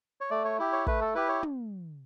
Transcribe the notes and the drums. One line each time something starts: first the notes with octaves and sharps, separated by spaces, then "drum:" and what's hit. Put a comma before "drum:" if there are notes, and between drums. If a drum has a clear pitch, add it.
C#5
A3 D5
C#5
E4 G4
C#5
A3 B4, drum: kick
A4
E4 G4 B4
C#5
drum: tom